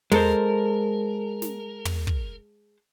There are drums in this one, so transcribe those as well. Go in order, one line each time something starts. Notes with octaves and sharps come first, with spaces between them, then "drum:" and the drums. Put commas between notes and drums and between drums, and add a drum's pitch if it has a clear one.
G#3 A4 A#4 C5, drum: tom
drum: snare
drum: tom
drum: kick